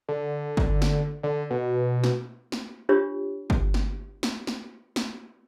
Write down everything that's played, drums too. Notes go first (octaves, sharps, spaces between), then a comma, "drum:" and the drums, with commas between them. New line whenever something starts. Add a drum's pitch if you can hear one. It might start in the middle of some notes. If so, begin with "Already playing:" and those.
D3
drum: kick G1
drum: snare
D3
B2
drum: snare
drum: snare
D4 F4 G4 C#5
drum: kick G1
drum: snare
drum: snare
drum: snare
drum: snare